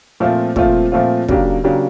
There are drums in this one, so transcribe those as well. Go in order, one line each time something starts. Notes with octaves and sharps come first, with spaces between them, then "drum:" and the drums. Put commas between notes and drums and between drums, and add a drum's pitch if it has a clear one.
A#2 F3 A3 C4 F4
A#2 F3 A3 C4 F4, drum: kick
A#2 F3 A3 C4 F4
C#3 F#3 A#3 D4 G4, drum: kick
C#3 F#3 A#3 D4 G4